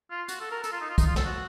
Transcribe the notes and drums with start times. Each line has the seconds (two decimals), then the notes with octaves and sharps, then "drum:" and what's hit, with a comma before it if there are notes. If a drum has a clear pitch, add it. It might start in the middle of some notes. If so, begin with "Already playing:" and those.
0.11 F4
0.28 F#4, drum: hi-hat
0.40 A4
0.52 A#4
0.63 A4, drum: hi-hat
0.72 F4
0.81 D#4
0.90 F4
0.98 D#4, drum: kick, hi-hat
1.07 F4
1.16 A4, drum: snare
1.25 F#4